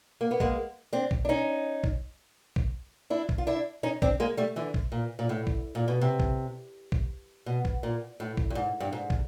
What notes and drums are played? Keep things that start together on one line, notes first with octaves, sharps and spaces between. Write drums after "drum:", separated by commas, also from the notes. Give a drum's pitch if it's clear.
A#3
B3
G#3 A#3, drum: kick
C4 D4
drum: kick
D4
C#4 D#4
drum: kick
drum: kick
D4 E4
drum: kick
F4
D4 E4
C#4 D#4
C4 D4, drum: kick
G#3 A#3
G3 A3
D3 E3
drum: kick
A#2
A#2
A2
drum: kick
A#2
B2
C3
drum: kick
drum: kick
B2
drum: kick
A#2
A2
drum: kick
G2
G#2
G2
G#2
drum: kick